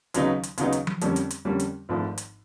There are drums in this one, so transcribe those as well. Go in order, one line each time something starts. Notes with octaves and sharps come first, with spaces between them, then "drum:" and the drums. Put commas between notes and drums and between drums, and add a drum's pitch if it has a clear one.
D#2 C#3 F#3 B3 D#4, drum: hi-hat
drum: hi-hat
D#2 C#3 F#3 B3 D#4, drum: hi-hat
drum: hi-hat
drum: tom F3
F2 D3 G3 A#3 C#4, drum: hi-hat
drum: hi-hat
drum: hi-hat
F2 D3 G3 A#3 C#4
drum: hi-hat
G#1 G#2 F3 A3 D4
drum: hi-hat